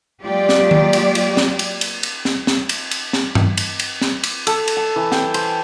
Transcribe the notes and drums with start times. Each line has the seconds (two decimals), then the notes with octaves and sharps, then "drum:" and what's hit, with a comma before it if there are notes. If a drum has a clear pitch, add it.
0.23 F#3 G#3 A#3 F4 G4 D5
0.49 drum: snare
0.71 drum: tom D#3
0.93 drum: cymbal
1.15 drum: cymbal
1.37 drum: snare
1.59 drum: cymbal
1.81 drum: cymbal
2.03 drum: cymbal
2.25 drum: snare
2.47 drum: snare
2.69 drum: cymbal
2.91 drum: cymbal
3.13 drum: snare
3.35 drum: tom G2
3.57 drum: cymbal
3.79 drum: cymbal
4.01 drum: snare
4.24 drum: cymbal
4.47 A4, drum: cymbal
4.68 drum: cymbal
4.77 A5
4.96 E3
5.12 G5, drum: snare
5.34 C5, drum: cymbal